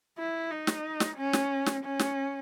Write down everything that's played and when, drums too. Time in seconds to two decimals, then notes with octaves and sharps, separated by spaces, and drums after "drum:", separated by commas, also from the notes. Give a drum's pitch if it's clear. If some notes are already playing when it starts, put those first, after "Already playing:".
0.18 E4
0.50 D#4
0.67 drum: snare
1.00 drum: snare
1.17 C#4
1.33 drum: snare
1.66 drum: snare
1.83 C#4
1.99 drum: snare